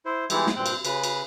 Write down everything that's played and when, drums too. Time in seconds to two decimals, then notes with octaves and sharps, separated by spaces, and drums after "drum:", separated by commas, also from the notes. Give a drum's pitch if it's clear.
0.05 E4 C5
0.30 E3 G3 G#3 B3 D#4 E4, drum: cymbal
0.47 drum: snare
0.56 G2 A#2 C4 G5 F#6
0.66 drum: cymbal
0.85 C#3 B4, drum: cymbal
1.04 drum: cymbal